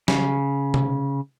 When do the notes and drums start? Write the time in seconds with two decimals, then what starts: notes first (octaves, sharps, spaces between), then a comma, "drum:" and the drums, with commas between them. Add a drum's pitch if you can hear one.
0.08 C#3, drum: snare
0.74 drum: tom C3